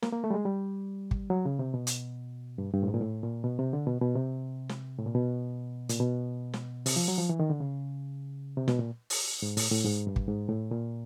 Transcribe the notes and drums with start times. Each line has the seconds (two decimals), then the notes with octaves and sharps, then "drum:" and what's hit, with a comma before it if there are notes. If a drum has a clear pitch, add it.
0.03 A#3, drum: snare
0.13 A#3
0.24 A3
0.30 G3
0.34 G#3
0.45 G3
1.11 drum: kick
1.30 F#3
1.45 C#3
1.59 C3
1.74 B2
1.87 drum: hi-hat
2.58 G2
2.74 G2
2.83 A2
2.88 G#2
2.94 A#2
3.01 A2
3.24 A#2
3.44 B2
3.59 C3
3.73 D3
3.86 B2
4.01 B2
4.16 C3
4.69 drum: snare
4.98 A2
5.06 A#2
5.15 B2
5.89 A#2, drum: hi-hat
6.00 B2
6.54 drum: snare
6.86 C3, drum: open hi-hat
6.96 F3
7.08 F#3
7.18 F3
7.29 E3
7.40 D#3
7.50 D3
7.60 C#3
8.57 C3
8.68 B2, drum: snare
8.79 A#2
9.10 drum: open hi-hat
9.42 G#2
9.57 A2, drum: open hi-hat
9.71 A2
9.85 G#2
10.07 G2
10.16 drum: kick
10.28 G#2
10.49 A2
10.71 A#2